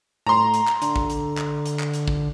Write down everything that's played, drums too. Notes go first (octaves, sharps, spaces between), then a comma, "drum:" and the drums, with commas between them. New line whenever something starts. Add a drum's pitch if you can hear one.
A2 A#5 C6
drum: hi-hat
drum: clap
D3, drum: hi-hat
drum: kick
drum: hi-hat
drum: clap
drum: hi-hat
drum: clap
drum: hi-hat
drum: kick